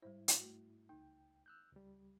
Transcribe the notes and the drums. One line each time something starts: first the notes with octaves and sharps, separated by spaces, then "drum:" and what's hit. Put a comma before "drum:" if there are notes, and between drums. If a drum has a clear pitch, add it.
G#2 G3 E4 C5
drum: hi-hat
A3 F#4
C#2 D#4 G5
E6 F#6 G6
C#2 G3